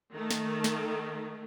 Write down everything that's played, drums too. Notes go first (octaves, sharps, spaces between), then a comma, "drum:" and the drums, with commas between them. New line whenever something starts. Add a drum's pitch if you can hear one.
D#3 A3
drum: snare
drum: snare